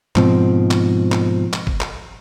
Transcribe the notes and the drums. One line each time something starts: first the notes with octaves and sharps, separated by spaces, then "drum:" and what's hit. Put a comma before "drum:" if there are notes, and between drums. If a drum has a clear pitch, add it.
G#2 B2 F3 C4, drum: clap
drum: clap
drum: clap
drum: clap
drum: kick
drum: clap